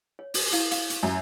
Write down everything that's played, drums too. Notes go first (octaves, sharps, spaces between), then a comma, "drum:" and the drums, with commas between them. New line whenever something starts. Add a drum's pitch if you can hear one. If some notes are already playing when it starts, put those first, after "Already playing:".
C#5
drum: open hi-hat
E4 F5, drum: hi-hat
F5, drum: hi-hat
drum: hi-hat
F#2